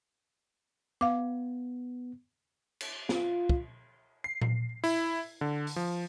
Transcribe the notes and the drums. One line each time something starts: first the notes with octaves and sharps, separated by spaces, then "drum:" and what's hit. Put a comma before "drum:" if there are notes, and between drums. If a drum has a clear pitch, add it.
B3 F5 D6
drum: cymbal
F4, drum: snare
drum: kick
C7
drum: tom A#2
E4, drum: open hi-hat
D3
drum: open hi-hat
F3